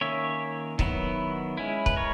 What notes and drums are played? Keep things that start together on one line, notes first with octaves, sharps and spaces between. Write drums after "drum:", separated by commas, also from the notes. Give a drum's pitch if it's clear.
D#3 A#3 C#4 C#5 E5
D#3 F#3 B3 E4, drum: kick
G#3 C#4 E4
B4, drum: kick
A#4 C#5